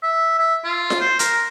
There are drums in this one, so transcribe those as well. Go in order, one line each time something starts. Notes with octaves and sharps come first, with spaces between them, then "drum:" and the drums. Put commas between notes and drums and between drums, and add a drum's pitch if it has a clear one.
E5
E5
F4
drum: snare F4
C5
A#4, drum: hi-hat